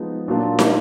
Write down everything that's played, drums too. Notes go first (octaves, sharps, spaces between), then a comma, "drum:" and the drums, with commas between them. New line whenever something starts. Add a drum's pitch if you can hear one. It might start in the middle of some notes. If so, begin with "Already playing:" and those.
Already playing: F3 G#3 B3 D#4
A#2 F#3 A#3 D4 F4
drum: snare